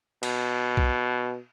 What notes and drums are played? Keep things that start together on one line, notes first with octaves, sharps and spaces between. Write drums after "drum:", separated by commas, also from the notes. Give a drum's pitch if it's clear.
B2, drum: cymbal
drum: kick B1